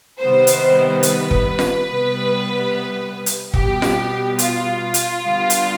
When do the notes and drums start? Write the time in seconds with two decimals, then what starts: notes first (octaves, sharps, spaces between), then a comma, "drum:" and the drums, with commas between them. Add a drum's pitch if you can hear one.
0.19 C3 D#3 G3 B3 C5
0.47 drum: hi-hat
1.03 B4, drum: hi-hat
1.31 drum: kick
1.59 drum: snare F4
1.86 C3 G3 B3
3.26 drum: hi-hat
3.54 B2 G3 B3 G4, drum: kick
3.82 drum: snare F4
4.39 F4, drum: hi-hat
4.94 drum: hi-hat
5.21 D3 G3 B3
5.50 drum: hi-hat